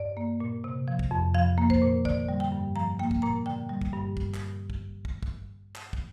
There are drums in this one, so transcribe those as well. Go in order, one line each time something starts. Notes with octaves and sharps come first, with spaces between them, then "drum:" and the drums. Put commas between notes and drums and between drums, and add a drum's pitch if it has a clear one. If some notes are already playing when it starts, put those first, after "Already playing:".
Already playing: G2 D5
A#3
A#2
C3
F3
drum: kick
F2
F3 F5
A#3
C5, drum: kick
A#2
D3 D5, drum: kick
G3
G5
G2
F3 A#5
A#3 G5
drum: kick
A#2 A#5
D3 G5
G3
drum: kick
G2
drum: kick
drum: clap
drum: kick
drum: kick
drum: kick
drum: clap
drum: kick